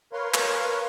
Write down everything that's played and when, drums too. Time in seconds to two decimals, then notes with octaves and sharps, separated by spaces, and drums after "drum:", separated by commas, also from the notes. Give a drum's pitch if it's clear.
0.13 A#4 B4 C#5 F5 C6
0.34 drum: clap